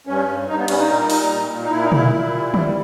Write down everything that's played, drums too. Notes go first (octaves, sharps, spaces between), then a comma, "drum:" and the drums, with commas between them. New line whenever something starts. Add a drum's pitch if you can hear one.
G2 C#4
G2
G2 D#4
B3
G3 C#4, drum: cymbal
D#4
A#2
G3, drum: open hi-hat
A#2
A#2
D#4
A#2 E4
D#4
A#2 E4, drum: tom
A#2
G3
G3, drum: tom